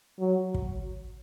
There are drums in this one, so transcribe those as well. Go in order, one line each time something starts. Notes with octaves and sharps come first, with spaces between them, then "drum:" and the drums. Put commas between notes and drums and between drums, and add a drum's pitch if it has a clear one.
F#3
drum: kick